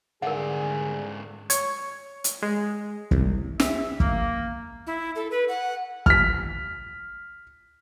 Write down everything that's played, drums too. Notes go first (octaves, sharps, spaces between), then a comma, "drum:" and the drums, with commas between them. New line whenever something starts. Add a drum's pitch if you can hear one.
C2 G#2 D3 D#3 G#4 A#4 D5 F#5
C#5, drum: hi-hat
drum: hi-hat
G#3
C2, drum: kick
E5, drum: snare
A#3, drum: kick
E4
A4
B4
F#5
F6 B6, drum: kick